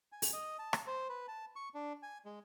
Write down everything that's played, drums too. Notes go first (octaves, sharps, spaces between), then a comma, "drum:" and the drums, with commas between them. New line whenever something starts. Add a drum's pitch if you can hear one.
G#5
drum: open hi-hat
D#5
A5
drum: rim click
C5
B4
A5
C#6
D4
G#5
G#3